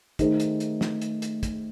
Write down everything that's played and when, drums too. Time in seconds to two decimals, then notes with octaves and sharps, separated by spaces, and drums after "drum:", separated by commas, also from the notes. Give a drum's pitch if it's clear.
0.19 D#3 A3 D#4 G#4 C5, drum: kick, hi-hat
0.40 drum: hi-hat
0.60 drum: hi-hat
0.81 drum: snare
1.02 drum: hi-hat
1.22 drum: hi-hat
1.43 drum: kick, hi-hat